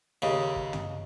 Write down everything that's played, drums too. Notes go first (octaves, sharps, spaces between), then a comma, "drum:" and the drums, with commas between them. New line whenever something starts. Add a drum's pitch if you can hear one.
D#2 C#3
drum: kick
drum: tom